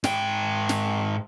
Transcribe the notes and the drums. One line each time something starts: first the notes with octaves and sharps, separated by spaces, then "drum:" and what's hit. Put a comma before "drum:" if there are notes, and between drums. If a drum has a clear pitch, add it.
G#2 G5, drum: snare
drum: snare